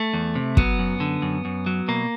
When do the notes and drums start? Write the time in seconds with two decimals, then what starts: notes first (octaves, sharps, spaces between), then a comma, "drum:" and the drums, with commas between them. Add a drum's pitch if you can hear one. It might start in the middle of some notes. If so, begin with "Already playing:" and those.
Already playing: A3
0.13 E2
0.35 C3
0.57 F#3 B3, drum: kick
0.79 F#2
1.00 D3
1.22 F#2
1.45 F#2
1.66 F#3
1.88 B2 A#3